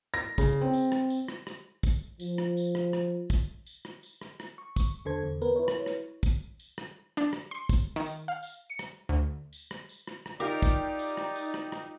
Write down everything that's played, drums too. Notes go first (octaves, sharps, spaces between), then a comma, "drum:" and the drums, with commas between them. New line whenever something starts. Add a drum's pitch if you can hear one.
A#6
C#3, drum: kick, tambourine
C4
drum: tambourine
drum: rim click
drum: tambourine
drum: rim click
drum: rim click
drum: kick, tambourine
F3, drum: tambourine
drum: rim click
drum: tambourine
drum: rim click
drum: rim click
drum: kick, tambourine
drum: tambourine
drum: rim click
drum: tambourine
drum: rim click
drum: rim click
C#6
drum: kick, tambourine
E2 D3 A4 C5 G#6
E2
B3 A#4 B4
E4 B4 C#5
drum: rim click
drum: rim click
drum: kick, tambourine
drum: tambourine
drum: rim click
D4, drum: rim click
drum: rim click
C6
drum: kick, tambourine
D#3
drum: tambourine
F5
drum: tambourine
C#7
drum: rim click
D2
drum: tambourine
drum: rim click
drum: tambourine
drum: rim click
drum: rim click
D#4 F4 G4 A#4 D5 D6
drum: kick, tambourine
drum: tambourine
drum: rim click
drum: tambourine
drum: rim click
drum: rim click